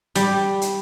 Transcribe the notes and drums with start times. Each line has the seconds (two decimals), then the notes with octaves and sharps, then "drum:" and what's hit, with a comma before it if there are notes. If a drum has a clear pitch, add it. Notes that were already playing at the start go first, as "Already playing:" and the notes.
0.15 G3, drum: hi-hat
0.61 drum: hi-hat